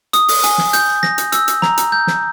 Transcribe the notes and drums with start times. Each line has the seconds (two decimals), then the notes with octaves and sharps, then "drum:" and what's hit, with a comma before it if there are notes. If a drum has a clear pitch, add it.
0.13 D#6, drum: hi-hat
0.28 drum: open hi-hat
0.44 G#5, drum: hi-hat
0.58 drum: snare
0.73 G6, drum: hi-hat
1.03 A#6, drum: snare
1.18 drum: hi-hat
1.32 E6, drum: hi-hat
1.48 drum: hi-hat
1.62 A#5, drum: snare
1.77 drum: hi-hat
1.92 G6
2.07 drum: snare